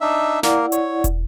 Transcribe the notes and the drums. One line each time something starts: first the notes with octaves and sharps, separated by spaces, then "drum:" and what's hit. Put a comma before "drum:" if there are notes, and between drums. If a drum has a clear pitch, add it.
D4 D#4 E5
A#3 E4 A#4 D5 F#5, drum: snare
C#5, drum: hi-hat
drum: kick, hi-hat